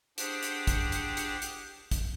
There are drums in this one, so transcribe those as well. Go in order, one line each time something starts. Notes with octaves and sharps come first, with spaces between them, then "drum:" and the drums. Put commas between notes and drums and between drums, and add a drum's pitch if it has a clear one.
D4 G4 G#4 C5 F#5 G5, drum: hi-hat
drum: hi-hat
drum: kick, hi-hat
drum: hi-hat
drum: hi-hat
drum: hi-hat
drum: kick, hi-hat